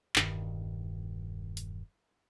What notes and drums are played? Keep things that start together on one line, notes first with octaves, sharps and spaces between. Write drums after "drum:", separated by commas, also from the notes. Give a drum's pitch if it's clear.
E1 G2 D#3, drum: clap
drum: hi-hat